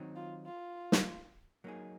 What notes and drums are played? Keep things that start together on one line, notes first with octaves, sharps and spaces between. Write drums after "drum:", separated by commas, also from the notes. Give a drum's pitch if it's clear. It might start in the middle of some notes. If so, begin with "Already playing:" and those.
Already playing: D#3 F#3 C4 D#4
F4
F4
drum: snare
F#3 A#3 D#4 G#4